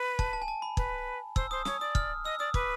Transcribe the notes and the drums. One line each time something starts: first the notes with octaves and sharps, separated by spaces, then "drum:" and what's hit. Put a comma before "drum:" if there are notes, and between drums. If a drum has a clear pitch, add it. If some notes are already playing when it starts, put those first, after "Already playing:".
Already playing: B4
A5, drum: kick
A5
G#5
A5
B5
B4, drum: kick
C5 E6, drum: kick
C5 D#6
C#5 D#6, drum: snare
D5 D#6
F6, drum: kick
D#5 E6
D5 D#6
B4 D6, drum: kick